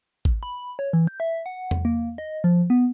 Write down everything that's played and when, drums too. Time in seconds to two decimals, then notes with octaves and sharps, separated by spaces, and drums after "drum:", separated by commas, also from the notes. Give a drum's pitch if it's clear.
0.25 drum: kick G#1
0.43 B5
0.79 C#5
0.93 E3
1.07 G6
1.20 E5
1.46 F#5
1.71 drum: tom E2
1.85 A#3
2.18 D#5
2.44 F3
2.70 B3